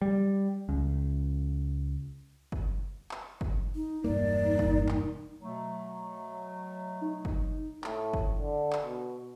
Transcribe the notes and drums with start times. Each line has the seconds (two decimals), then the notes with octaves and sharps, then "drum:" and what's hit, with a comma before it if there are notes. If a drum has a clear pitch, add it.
0.02 G3
0.69 C#2
2.52 drum: kick
3.11 drum: clap
3.41 drum: kick
3.75 D#4
4.04 E1 G2 A#3 D#4 D5
4.59 drum: kick
4.89 drum: clap
5.42 B2 F#3 A3
7.01 D#4
7.25 drum: kick
7.84 A2, drum: clap
8.14 drum: kick
8.39 D3
8.73 drum: clap
8.84 B2